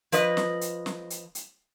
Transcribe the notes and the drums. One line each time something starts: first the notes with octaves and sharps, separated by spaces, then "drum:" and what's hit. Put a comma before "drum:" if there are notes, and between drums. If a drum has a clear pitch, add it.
F3 B4 D#5, drum: hi-hat
drum: snare
drum: hi-hat
drum: snare
drum: hi-hat
drum: hi-hat